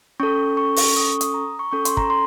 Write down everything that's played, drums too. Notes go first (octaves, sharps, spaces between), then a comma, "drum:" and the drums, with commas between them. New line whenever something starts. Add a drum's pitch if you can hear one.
C#4 A4 C#6
C#6
C#6, drum: open hi-hat
D#6
C#6
D#6, drum: hi-hat
A#5
C#6
C#4 A4 C#6
C6, drum: hi-hat
A#5, drum: kick
C6